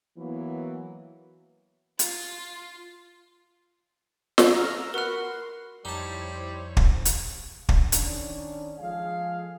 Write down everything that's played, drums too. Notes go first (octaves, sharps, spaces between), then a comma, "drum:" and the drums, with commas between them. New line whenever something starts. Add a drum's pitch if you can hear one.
E3 F#3 A#3 B3 E4
F4, drum: hi-hat
drum: snare
A#5 E6 F6
F#4 A#4 B4 F#5 F6
C6
F2 G3 D#4 E4 C5 C#5 A5
drum: kick
drum: hi-hat
drum: kick
D#3 C#4 D4, drum: hi-hat
F3 G#3 G#4 A4 F5